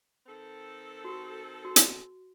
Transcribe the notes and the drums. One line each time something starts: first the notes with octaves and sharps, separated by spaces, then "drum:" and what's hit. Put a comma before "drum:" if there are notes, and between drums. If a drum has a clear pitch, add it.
D#3 C4 A4
F#4 G4
F#4
drum: hi-hat